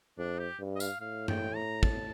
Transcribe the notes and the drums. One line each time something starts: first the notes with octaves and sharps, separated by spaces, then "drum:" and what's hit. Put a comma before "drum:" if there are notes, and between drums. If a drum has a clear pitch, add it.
F2 D4
G4
G2
D#5
F5, drum: tambourine
A2 F5
G5, drum: tom G2
A#5
A5, drum: kick